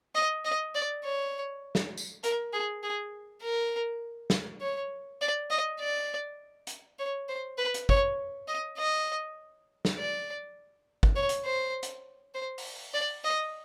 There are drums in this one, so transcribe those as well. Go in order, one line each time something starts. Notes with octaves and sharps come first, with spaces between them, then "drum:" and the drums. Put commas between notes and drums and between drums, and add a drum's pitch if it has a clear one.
D#5
D#5
D5
C#5
drum: snare
drum: tambourine
A#4, drum: hi-hat
G#4
G#4
A#4
drum: snare
C#5
D5
D#5
D5
drum: hi-hat
C#5
C5
B4
drum: hi-hat
C#5, drum: kick G1
D#5
D#5
drum: snare
D5
drum: kick G1
C#5
drum: hi-hat
C5
drum: hi-hat
C5
drum: open hi-hat
D5
D#5